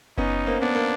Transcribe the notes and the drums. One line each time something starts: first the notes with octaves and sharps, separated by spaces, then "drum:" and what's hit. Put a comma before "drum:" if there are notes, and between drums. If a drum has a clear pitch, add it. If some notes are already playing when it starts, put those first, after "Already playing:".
B3 C#4 D#4, drum: kick F#1
A#3 C4
B3 D4
A#3